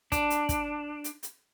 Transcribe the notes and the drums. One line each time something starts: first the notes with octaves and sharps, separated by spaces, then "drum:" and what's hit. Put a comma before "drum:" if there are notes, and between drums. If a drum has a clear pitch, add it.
D4, drum: kick, hi-hat
drum: hi-hat
drum: kick, hi-hat
drum: hi-hat
drum: hi-hat